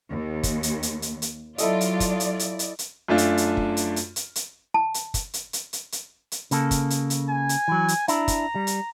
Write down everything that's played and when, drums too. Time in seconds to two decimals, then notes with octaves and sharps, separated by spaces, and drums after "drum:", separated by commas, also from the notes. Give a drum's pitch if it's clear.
0.11 D#2
0.43 drum: kick, hi-hat
0.63 drum: hi-hat
0.83 drum: hi-hat
1.02 drum: hi-hat
1.22 drum: hi-hat
1.58 F#3 E4 F4 A4 D5 D#5, drum: hi-hat
1.81 drum: hi-hat
2.00 drum: kick, hi-hat
2.20 drum: hi-hat
2.39 drum: hi-hat
2.59 drum: hi-hat
2.79 drum: hi-hat
3.08 F#2 A3 D4 F4
3.18 drum: hi-hat
3.37 drum: hi-hat
3.57 drum: kick
3.77 drum: hi-hat
3.96 drum: hi-hat
4.16 drum: hi-hat
4.35 drum: hi-hat
4.74 A5
4.94 drum: hi-hat
5.14 drum: kick, hi-hat
5.34 drum: hi-hat
5.53 drum: hi-hat
5.73 drum: hi-hat
5.92 drum: hi-hat
6.32 drum: hi-hat
6.51 C#3 A#3 A4, drum: hi-hat
6.71 drum: kick, hi-hat
6.90 drum: hi-hat
7.10 drum: hi-hat
7.29 G#5
7.49 drum: hi-hat
7.68 E3 F#3
7.88 drum: hi-hat
8.08 D4 E4 A#5, drum: hi-hat
8.28 drum: kick, hi-hat
8.55 G3
8.67 drum: hi-hat